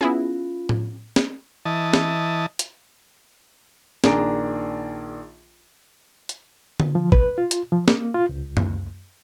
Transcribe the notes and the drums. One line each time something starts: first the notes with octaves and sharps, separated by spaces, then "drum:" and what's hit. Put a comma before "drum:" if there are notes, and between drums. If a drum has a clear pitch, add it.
B3 C#4 E4 F4 G#4
drum: tom A2
drum: snare
E3 D#5 A5
drum: snare
drum: hi-hat
A#1 D#3 D4 G#4 A#5 D7, drum: snare
drum: hi-hat
drum: tom D3
F3
B4, drum: kick
F4
drum: hi-hat
F3
A#3, drum: snare
F4
C#2
drum: tom F#2